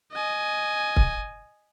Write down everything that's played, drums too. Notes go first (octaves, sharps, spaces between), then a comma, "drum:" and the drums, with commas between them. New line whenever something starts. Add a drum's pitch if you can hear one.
D#5 G#5
drum: kick C#1